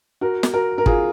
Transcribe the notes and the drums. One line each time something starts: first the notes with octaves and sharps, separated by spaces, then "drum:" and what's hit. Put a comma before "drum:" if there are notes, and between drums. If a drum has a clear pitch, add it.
F#4 A#4
drum: snare
F#4 A#4
A#4
F4 G#4, drum: kick